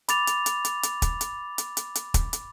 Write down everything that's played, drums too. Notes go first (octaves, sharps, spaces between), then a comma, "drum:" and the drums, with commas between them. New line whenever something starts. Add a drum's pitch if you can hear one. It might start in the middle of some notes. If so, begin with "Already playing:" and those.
B5 D6 A6 F7, drum: hi-hat
drum: hi-hat
drum: hi-hat
drum: hi-hat
drum: hi-hat
drum: kick, hi-hat
drum: hi-hat
drum: hi-hat
drum: hi-hat
drum: hi-hat
drum: kick, hi-hat
drum: hi-hat